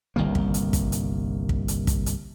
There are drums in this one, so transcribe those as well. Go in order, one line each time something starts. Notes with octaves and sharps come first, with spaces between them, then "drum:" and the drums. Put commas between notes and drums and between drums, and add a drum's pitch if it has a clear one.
G1 C2 D#3 A#3
drum: kick
drum: hi-hat
drum: kick, hi-hat
drum: hi-hat
drum: kick
drum: hi-hat
drum: kick, hi-hat
drum: hi-hat